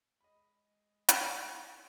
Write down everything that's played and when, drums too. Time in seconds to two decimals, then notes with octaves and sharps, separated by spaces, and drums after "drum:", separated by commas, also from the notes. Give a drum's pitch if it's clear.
0.21 G#3 D#5 B5
1.09 drum: hi-hat